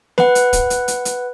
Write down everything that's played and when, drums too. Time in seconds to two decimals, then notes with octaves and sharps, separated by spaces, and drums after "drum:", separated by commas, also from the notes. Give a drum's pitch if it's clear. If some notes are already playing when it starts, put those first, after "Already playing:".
0.18 B4 F#5, drum: snare
0.35 drum: hi-hat
0.53 drum: kick, hi-hat
0.70 drum: hi-hat
0.88 drum: hi-hat
1.05 drum: hi-hat